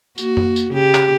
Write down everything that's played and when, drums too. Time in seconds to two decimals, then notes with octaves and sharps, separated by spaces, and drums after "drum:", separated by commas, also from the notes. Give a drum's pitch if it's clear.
0.18 A#3 F#4, drum: tambourine
0.37 drum: tom F#2
0.56 drum: tambourine
0.72 C#3 G4
0.94 drum: clap